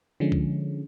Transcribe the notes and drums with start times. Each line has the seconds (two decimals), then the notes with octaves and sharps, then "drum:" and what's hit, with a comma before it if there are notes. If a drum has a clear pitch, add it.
0.20 D3 F3 G#3 C#4
0.32 drum: kick C2